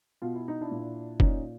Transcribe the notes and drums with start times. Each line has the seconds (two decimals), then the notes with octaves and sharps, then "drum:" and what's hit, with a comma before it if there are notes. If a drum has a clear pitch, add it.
0.22 B2 F4
0.35 E4
0.48 D#4
0.61 D4 E4
0.71 A#2
1.20 A#2 C#4 D#4, drum: kick F1